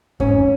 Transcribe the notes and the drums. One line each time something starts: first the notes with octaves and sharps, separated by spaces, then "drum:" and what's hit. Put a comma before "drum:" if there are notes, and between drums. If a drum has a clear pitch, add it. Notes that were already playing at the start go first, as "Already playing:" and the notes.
G#2 C#4, drum: kick F2